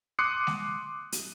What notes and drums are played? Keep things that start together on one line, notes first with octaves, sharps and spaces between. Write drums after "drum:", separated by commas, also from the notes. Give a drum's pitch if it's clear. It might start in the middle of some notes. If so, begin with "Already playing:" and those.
C6 D6 D#6 F#6 C7 C#7
drum: snare G#3
drum: hi-hat